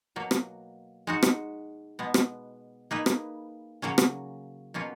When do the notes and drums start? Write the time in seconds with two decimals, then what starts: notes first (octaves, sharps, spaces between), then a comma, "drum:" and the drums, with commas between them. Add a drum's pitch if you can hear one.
0.16 B2 F#3 A#3
0.31 drum: rim click
1.07 G#3 D#4 F#4
1.23 drum: rim click
1.99 B2 G#3 B3
2.14 drum: rim click
2.91 A#3 D#4 G#4 B4
3.06 drum: rim click
3.82 C#3 F#3 A#3 C#4
3.98 drum: rim click
4.74 B2 F#3 A#3 C#4 F4